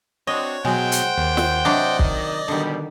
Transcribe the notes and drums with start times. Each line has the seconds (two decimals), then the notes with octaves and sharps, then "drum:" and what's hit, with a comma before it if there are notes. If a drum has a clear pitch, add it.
0.27 C4 D4 F#4 C#5 D#5
0.65 B2 F#3 G#3 C5 F#5 G5
0.92 drum: hi-hat
1.18 D#2
1.37 drum: snare
1.65 C3 F#3 D4 D5 D#5
1.99 D#3, drum: kick
2.48 B2 D3 D#3 G3